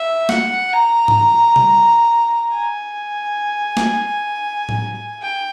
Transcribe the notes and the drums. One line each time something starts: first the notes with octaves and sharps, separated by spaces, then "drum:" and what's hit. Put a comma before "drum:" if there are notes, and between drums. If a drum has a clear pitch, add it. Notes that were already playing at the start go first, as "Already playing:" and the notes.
Already playing: E5
F#5, drum: snare
A#5
drum: tom G#2
drum: tom B2
G#5
drum: snare
drum: tom A2
G5